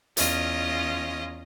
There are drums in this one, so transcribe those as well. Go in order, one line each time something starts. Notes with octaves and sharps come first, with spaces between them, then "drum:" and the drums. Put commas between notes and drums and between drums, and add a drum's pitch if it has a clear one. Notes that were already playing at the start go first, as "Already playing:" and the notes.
E2 C#4 F4 D#5, drum: hi-hat